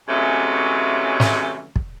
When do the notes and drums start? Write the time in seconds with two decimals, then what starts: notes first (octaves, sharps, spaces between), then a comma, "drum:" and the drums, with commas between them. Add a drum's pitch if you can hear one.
0.08 C3 E3 F#3 G#3 A3 C#4
1.20 drum: snare
1.76 drum: kick